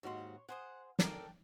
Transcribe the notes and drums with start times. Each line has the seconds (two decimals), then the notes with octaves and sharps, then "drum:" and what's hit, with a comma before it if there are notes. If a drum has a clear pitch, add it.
0.03 D#2 G#2 F#4 C#5 C6
0.49 G#4 C5 F#5 D#6
0.99 D4 A4 A#4 D5 G5 A#5, drum: snare